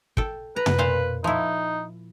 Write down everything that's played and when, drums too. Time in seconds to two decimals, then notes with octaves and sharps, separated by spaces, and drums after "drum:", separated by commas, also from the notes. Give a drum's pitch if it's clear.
0.17 A4 G5, drum: kick
0.56 B4 A#5
0.66 drum: tom
0.78 A#2 C5 F5
1.24 F3 D#4 E4